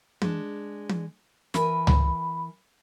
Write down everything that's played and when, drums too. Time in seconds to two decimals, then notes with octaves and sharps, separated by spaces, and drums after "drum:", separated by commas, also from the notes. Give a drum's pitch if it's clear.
0.22 G#3 D4, drum: tom E3
0.89 drum: tom E3
1.54 E3 A#4 G#5 B5, drum: snare
1.87 drum: tom C#2